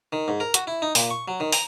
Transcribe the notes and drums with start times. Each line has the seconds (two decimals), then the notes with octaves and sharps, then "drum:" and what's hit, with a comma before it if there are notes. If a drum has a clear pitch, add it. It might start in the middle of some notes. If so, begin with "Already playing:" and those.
0.13 D#3
0.28 G#2
0.40 A#4
0.54 F#4, drum: hi-hat
0.67 E4
0.82 D#4
0.95 A#2, drum: open hi-hat
1.10 C#6
1.28 F#3
1.40 D#3
1.52 A#5, drum: open hi-hat